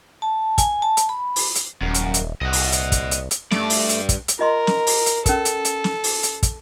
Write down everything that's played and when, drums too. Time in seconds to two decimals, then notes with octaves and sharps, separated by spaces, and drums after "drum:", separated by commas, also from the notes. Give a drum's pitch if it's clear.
0.22 A5
0.58 G#5, drum: kick, hi-hat
0.82 A5
0.97 drum: hi-hat
1.09 B5
1.36 drum: open hi-hat
1.55 drum: hi-hat
1.81 D#1 F#2
1.94 drum: hi-hat
2.14 drum: hi-hat
2.41 C2 D#5 F#5
2.53 drum: open hi-hat
2.72 drum: hi-hat
2.92 drum: kick, hi-hat
3.11 drum: hi-hat
3.31 drum: hi-hat
3.51 G2 A3 D5, drum: snare
3.70 drum: open hi-hat
3.89 drum: hi-hat
4.09 drum: kick, hi-hat
4.28 drum: hi-hat
4.39 F4 A#4 D#5 C6
4.67 drum: snare
4.87 drum: open hi-hat
5.06 drum: hi-hat
5.26 C#4 A4 A#4, drum: kick, hi-hat
5.45 drum: hi-hat
5.65 drum: hi-hat
5.84 drum: snare
6.04 drum: open hi-hat
6.23 drum: hi-hat
6.43 drum: kick, hi-hat